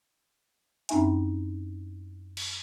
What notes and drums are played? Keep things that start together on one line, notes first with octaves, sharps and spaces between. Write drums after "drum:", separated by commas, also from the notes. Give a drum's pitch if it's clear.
F#2 C4 C#4 D#4 E5 G#5, drum: hi-hat
drum: cymbal